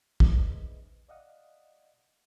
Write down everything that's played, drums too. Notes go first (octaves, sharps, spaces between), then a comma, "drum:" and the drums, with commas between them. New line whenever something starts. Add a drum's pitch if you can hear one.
D4 G#4 B4 C5 D#5 E5, drum: kick
D5 D#5 F5 F#5 D#6